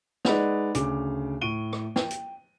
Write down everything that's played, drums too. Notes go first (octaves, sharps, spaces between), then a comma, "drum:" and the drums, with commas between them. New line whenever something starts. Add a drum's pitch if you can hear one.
G#3 D#4 B4 D5 F#5 F7, drum: snare
D2 C#3 D6, drum: hi-hat
A2 C#6 D7 D#7 G7
drum: rim click
G5, drum: snare
drum: hi-hat